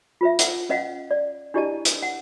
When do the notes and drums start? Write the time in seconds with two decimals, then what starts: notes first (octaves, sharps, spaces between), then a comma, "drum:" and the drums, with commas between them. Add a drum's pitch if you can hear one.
0.21 F4 B4 E5
0.39 E5 F#5, drum: hi-hat
0.69 C#4 B4 D#5 F5 F#5
1.11 D5
1.54 D4 E4 G4 D5 D#5 A5
1.85 drum: hi-hat
2.03 F#5